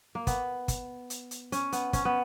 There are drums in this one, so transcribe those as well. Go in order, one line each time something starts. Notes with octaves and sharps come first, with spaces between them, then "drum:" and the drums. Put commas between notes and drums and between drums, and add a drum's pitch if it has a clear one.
A#3
B3, drum: kick, hi-hat
drum: kick, hi-hat
drum: hi-hat
drum: hi-hat
C#4, drum: hi-hat
B3, drum: hi-hat
C#4, drum: kick, hi-hat
B3